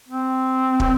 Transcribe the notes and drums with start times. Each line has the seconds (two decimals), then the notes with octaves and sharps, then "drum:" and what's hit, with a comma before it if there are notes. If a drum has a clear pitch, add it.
0.08 C4
0.80 drum: kick